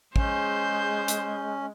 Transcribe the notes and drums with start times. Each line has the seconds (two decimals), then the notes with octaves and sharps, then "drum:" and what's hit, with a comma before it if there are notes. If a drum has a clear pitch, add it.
0.16 G#3 C#4 G#4 C5 G6, drum: kick
1.08 drum: hi-hat